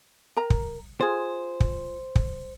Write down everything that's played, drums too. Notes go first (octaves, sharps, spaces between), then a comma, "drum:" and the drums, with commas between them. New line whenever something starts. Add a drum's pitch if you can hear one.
A#4 A#5
drum: kick
F4 G#4 C5
drum: kick
drum: kick